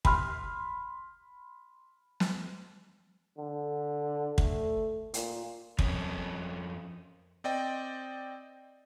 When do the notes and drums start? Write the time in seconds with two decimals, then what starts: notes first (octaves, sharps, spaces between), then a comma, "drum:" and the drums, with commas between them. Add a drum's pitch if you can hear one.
0.05 B5 C6 F6, drum: kick
2.20 drum: snare
3.38 D3
4.38 A3, drum: kick
5.14 A#2, drum: hi-hat
5.79 F2 C#4, drum: kick
7.44 C4 D5 D#5 G5